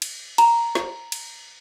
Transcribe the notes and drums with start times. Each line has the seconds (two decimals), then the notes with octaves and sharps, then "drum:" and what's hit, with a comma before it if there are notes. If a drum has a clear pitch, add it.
0.02 drum: cymbal
0.38 A#5, drum: cymbal
0.75 drum: snare
1.12 drum: cymbal